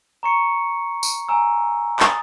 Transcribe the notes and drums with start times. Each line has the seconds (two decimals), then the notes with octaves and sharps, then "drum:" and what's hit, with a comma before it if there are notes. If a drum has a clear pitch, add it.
0.23 A#5 C#6 C#7
1.03 drum: tambourine
1.28 G#5 A#5 E6
2.00 D#6 A6, drum: clap